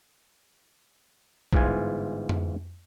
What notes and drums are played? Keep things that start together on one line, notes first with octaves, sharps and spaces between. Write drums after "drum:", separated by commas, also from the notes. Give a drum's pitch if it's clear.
G1 G#2 E3 F4 G#5, drum: kick
drum: tom F2